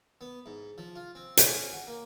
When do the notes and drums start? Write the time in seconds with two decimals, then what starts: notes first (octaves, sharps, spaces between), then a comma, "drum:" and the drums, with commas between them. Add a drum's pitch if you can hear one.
0.21 B3
0.46 G#2
0.78 F3
0.96 F4
1.15 C4
1.37 C#4, drum: hi-hat
1.72 F#4
1.87 A#3